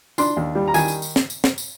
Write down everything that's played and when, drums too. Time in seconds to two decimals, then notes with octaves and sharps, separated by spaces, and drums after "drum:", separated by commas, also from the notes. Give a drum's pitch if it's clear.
0.18 D4 C6, drum: tambourine
0.37 D#2
0.55 G3
0.68 A#5
0.74 D#3 G#5, drum: tambourine
0.88 drum: tambourine
1.02 drum: tambourine
1.16 drum: snare
1.30 drum: tambourine
1.44 drum: snare
1.58 drum: tambourine